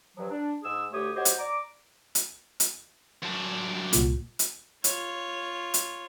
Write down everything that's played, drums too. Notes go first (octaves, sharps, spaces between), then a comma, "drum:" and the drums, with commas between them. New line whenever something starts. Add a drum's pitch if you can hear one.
G2 F3 F#3
D4
G#2 G#4 E6
D2 A3 G4 C#5 D#6
F#4 G4 C5 C#5 D#5
drum: hi-hat
D5 A#5 D6
drum: hi-hat
drum: hi-hat
F#2 D4
C2 A#2, drum: hi-hat
drum: hi-hat
F4 C#5, drum: hi-hat
drum: hi-hat